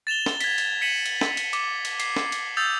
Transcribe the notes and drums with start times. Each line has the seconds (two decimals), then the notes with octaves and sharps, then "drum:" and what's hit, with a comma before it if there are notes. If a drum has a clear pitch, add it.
0.07 A6 E7 F7 G7
0.26 drum: snare
0.40 G#6 B6, drum: cymbal
0.58 drum: cymbal
0.81 B6 C#7 D#7 E7 F#7
1.06 drum: cymbal
1.21 drum: snare
1.37 drum: cymbal
1.53 D6, drum: cymbal
1.85 drum: cymbal
2.00 C7, drum: cymbal
2.16 drum: snare
2.32 drum: cymbal
2.57 D#6 E6 G6 A6 F7